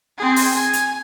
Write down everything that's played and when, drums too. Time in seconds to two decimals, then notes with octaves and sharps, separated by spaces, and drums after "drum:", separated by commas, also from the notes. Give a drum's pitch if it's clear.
0.18 C4 G#4
0.36 drum: open hi-hat
0.56 G#5
0.73 drum: hi-hat